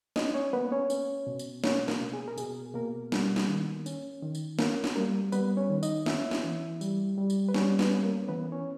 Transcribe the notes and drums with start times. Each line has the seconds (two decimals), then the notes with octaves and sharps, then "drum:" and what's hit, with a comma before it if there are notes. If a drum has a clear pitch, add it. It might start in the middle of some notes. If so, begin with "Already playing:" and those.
0.16 C#4 D#4 D#5, drum: snare
0.35 C#4 C#5
0.53 A#3 B3 B4
0.72 C#4 C#5
0.90 C#4, drum: tambourine
1.27 B2
1.39 drum: tambourine
1.64 A#3 C#4 C#5, drum: snare
1.88 A#3 A#4, drum: snare
2.01 B2
2.13 G#4
2.28 A#4
2.38 B2 G#4, drum: tambourine
2.74 B2 A#3 A#4
3.12 G3, drum: snare
3.36 drum: snare
3.48 D#3
3.86 C#4, drum: tambourine
4.23 D#3
4.35 drum: tambourine
4.59 A#3 C#4 A#4, drum: snare
4.84 drum: snare
4.96 G3 A#3 A#4
5.32 G3 B3 B4, drum: tambourine
5.57 C#4 C#5
5.69 D#3
5.83 D#4 D#5, drum: tambourine
6.06 C#4 E4 E5, drum: snare
6.31 drum: snare
6.44 E3
6.81 G3, drum: tambourine
7.18 G3
7.30 drum: tambourine
7.48 B4
7.54 G3 C#4 C#5, drum: snare
7.79 B3 B4, drum: snare
7.91 C#4
8.03 A#3 A#4
8.28 E3 B3 B4
8.52 C#4 C#5